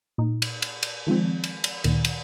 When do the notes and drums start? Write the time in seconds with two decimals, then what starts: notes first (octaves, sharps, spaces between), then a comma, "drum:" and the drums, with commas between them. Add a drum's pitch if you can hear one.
0.18 A#2 D#4
0.42 drum: cymbal
0.62 drum: cymbal
0.83 drum: cymbal
1.07 D#3 F3 G#3 C4
1.44 drum: cymbal
1.64 drum: cymbal
1.84 D2 A#2 D#3, drum: cymbal
2.05 drum: cymbal